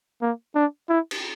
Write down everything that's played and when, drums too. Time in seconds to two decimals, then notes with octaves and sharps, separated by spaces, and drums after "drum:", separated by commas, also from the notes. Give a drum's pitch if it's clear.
0.22 A#3
0.55 D4
0.89 E4
1.11 drum: cymbal